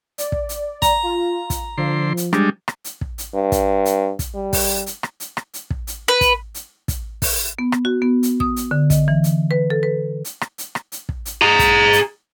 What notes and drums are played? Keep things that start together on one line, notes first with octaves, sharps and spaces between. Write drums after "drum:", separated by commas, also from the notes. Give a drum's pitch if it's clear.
D5, drum: hi-hat
drum: kick
drum: hi-hat
A#5, drum: kick, hi-hat
F4
drum: kick, hi-hat
D3 F3 C6
drum: hi-hat
G3 G#3 D4, drum: rim click
drum: rim click
drum: hi-hat
drum: kick
drum: hi-hat
G2
drum: kick, hi-hat
drum: hi-hat
drum: kick, hi-hat
G3
drum: kick, open hi-hat
drum: hi-hat
drum: rim click
drum: hi-hat
drum: rim click
drum: hi-hat
drum: kick
drum: hi-hat
B4
drum: kick, hi-hat
drum: hi-hat
drum: kick, hi-hat
drum: kick, open hi-hat
B3
drum: rim click
F#4
B3
drum: hi-hat
D#6, drum: kick
drum: hi-hat
D3
D#5, drum: kick, hi-hat
E3
drum: hi-hat
B4
A4
B4
drum: hi-hat
drum: rim click
drum: hi-hat
drum: rim click
drum: hi-hat
drum: kick
drum: hi-hat
G#4 A#5
drum: kick, hi-hat
drum: hi-hat